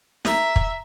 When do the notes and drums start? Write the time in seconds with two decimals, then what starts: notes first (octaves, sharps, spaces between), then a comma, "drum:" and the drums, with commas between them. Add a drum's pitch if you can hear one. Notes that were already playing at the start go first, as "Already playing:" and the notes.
0.25 E5 A#5, drum: snare
0.56 drum: kick